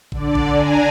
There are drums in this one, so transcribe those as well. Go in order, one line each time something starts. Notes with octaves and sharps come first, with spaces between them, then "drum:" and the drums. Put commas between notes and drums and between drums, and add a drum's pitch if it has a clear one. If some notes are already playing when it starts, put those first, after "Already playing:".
D3 D5, drum: kick G#1
drum: kick G#1
D4 G#5 A#5